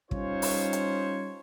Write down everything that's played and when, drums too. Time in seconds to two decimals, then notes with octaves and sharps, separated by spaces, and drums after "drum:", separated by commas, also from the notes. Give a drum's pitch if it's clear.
0.11 G3 C#4 D#4 F4 C5 C#5, drum: kick
0.42 drum: open hi-hat
0.73 drum: hi-hat